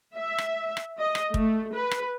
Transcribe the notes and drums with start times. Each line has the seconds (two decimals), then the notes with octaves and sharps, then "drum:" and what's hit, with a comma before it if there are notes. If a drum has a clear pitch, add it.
0.16 E5
0.38 drum: rim click
0.77 drum: rim click
0.99 D#5
1.15 drum: rim click
1.34 A3, drum: kick
1.75 B4
1.91 drum: rim click